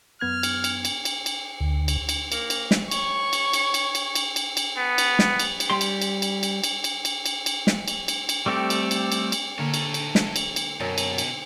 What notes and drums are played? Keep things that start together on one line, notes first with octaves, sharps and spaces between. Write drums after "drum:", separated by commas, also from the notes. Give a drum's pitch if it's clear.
F#2 B3 F6 G#6
drum: cymbal
drum: cymbal
drum: cymbal
drum: cymbal
drum: cymbal
D2
drum: cymbal
drum: cymbal
A#3, drum: cymbal
drum: cymbal
drum: snare
C#5 C#6, drum: cymbal
drum: cymbal
drum: cymbal
drum: cymbal
drum: cymbal
drum: cymbal
drum: cymbal
drum: cymbal
B3
drum: cymbal
drum: snare
drum: cymbal
drum: cymbal
G3 G5 C6
drum: cymbal
drum: cymbal
drum: cymbal
drum: cymbal
drum: cymbal
drum: cymbal
drum: cymbal
drum: cymbal
drum: cymbal
drum: snare
drum: cymbal
drum: cymbal
drum: cymbal
G3 A3 C4 G4 A4
drum: cymbal
drum: cymbal
drum: cymbal
drum: cymbal
D3 A#3 A4 C#5 E5
drum: cymbal
drum: cymbal
drum: snare
drum: cymbal
drum: cymbal
F#2 B2
drum: cymbal
drum: cymbal